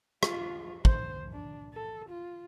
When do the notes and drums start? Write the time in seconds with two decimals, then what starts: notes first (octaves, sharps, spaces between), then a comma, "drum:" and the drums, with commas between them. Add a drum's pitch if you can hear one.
0.23 F4, drum: rim click
0.85 C5, drum: kick
1.32 D4
1.74 A4
2.09 F4